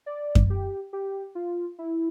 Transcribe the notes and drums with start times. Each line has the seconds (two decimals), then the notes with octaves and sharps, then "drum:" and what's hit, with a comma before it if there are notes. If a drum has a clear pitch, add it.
0.06 D5
0.35 drum: kick F#2
0.50 G4
0.93 G4
1.35 F4
1.79 E4